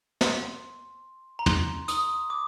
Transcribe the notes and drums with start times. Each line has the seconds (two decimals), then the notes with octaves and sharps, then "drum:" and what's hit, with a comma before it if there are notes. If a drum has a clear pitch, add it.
0.21 C6, drum: snare
1.39 A#5
1.46 C6, drum: tom
1.88 D#6, drum: hi-hat
2.30 D6